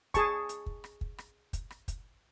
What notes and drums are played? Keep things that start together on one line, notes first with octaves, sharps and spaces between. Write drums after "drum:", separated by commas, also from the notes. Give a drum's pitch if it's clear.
G#4 A5 C#6, drum: kick, hi-hat
drum: hi-hat
drum: kick
drum: rim click
drum: kick
drum: rim click
drum: kick, hi-hat
drum: rim click
drum: kick, hi-hat